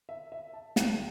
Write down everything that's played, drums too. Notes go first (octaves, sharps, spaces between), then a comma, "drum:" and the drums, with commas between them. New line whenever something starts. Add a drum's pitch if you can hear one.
E5
E5
A5
D2 D3 G3 G5, drum: snare
A5